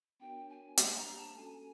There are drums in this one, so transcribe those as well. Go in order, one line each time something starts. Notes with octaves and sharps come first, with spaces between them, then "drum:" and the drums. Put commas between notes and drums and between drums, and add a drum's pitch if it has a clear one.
B3 D4 F#4 A#4 C#5 G5
G#5
G3 A#3 D4 G4 C5 G#5, drum: hi-hat
A#5
A5
A3 C#4 F#4 A4 G#5